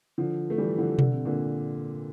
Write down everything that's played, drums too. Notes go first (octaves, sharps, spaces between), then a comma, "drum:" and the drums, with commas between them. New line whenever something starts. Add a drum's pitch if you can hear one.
D3 F3
A3
E3 G3
D3 F3
D3, drum: tom B2
C3
A#2 D3